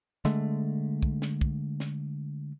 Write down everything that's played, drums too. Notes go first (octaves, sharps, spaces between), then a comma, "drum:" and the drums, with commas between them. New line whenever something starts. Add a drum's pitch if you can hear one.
D3 G#3 A3, drum: snare
drum: kick
drum: snare
drum: kick
drum: snare